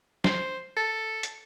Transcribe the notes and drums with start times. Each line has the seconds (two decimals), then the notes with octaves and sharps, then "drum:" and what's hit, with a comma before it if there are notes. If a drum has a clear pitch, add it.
0.24 C5, drum: snare
0.77 A4
1.23 drum: hi-hat